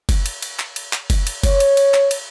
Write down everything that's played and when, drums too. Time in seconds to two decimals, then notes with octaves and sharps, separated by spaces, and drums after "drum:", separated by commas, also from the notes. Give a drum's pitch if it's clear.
0.09 drum: kick F#1, cymbal
0.26 drum: cymbal
0.42 drum: cymbal
0.59 drum: clap
0.76 drum: cymbal
0.93 drum: clap
1.10 drum: kick F#1, cymbal
1.27 drum: cymbal
1.43 C#5, drum: kick F#1, cymbal
1.60 drum: cymbal
1.77 drum: cymbal
1.94 drum: clap
2.11 drum: cymbal